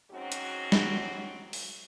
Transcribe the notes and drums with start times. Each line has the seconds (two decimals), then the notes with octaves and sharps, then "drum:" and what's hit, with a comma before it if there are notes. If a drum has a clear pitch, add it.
0.11 G#2 F#3 C4 C#4 F#4
0.32 drum: hi-hat
0.72 drum: snare
1.53 drum: open hi-hat